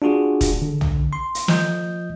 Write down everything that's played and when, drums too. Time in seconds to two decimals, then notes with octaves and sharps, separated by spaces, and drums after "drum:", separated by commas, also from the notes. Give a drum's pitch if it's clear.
0.02 D4 F4 F#4 G#4
0.41 drum: kick, hi-hat
0.62 D3
0.81 drum: tom
1.13 C6
1.35 drum: hi-hat
1.48 F3 D#5 G6, drum: snare